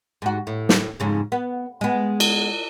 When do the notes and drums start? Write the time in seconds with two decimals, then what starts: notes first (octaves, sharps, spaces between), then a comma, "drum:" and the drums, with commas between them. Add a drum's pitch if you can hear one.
0.22 G#2 F#4
0.47 A2
0.69 drum: snare
1.00 F2 G#2 C#3
1.32 B3
1.81 G#3 B3
2.20 drum: cymbal